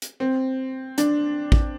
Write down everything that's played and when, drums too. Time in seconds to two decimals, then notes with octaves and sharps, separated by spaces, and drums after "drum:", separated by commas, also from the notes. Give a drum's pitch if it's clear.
0.02 drum: hi-hat
0.20 C4
0.98 D4, drum: hi-hat
1.52 drum: kick